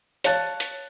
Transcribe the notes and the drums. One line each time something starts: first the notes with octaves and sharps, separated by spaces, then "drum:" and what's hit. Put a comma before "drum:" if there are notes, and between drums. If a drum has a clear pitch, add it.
C#5 F5 A5 F#6 A6, drum: hi-hat
drum: hi-hat